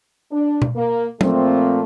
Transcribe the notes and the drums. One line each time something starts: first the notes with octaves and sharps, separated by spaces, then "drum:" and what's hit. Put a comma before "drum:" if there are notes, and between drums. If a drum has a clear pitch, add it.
D4
drum: tom B2
A#3
A#2 F3 A3 C4 F4, drum: tom